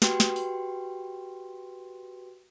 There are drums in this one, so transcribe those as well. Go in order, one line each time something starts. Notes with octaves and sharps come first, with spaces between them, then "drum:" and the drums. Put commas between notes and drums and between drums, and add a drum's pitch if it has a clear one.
F#4 G4 B4 G5 C6, drum: snare
drum: snare
drum: open hi-hat